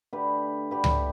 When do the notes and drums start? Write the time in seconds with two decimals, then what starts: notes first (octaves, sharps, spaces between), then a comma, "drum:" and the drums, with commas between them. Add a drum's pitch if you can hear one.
0.13 D3 A3 G4 B4
0.71 D3 A3 G4 B4
0.84 drum: tom C#2